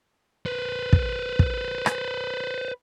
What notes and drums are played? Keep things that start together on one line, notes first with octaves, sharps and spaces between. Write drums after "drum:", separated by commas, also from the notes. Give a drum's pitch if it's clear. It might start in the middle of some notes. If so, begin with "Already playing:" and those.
B4 C5
drum: kick
drum: kick
drum: rim click